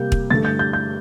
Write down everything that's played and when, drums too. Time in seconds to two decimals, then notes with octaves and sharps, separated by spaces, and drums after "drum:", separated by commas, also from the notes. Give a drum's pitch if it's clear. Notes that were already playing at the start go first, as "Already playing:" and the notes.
Already playing: C3 G3 A#3 G6
0.12 drum: kick
0.30 G2 D3 A3 A6
0.45 G6
0.59 G6
0.73 G6